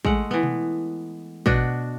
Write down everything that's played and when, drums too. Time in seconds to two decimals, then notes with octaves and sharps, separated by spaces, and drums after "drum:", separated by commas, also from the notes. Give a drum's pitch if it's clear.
0.05 G#3 A3 F#5, drum: kick
0.31 E3 B3
0.43 drum: tom B2
1.46 B2 D4 F#4, drum: kick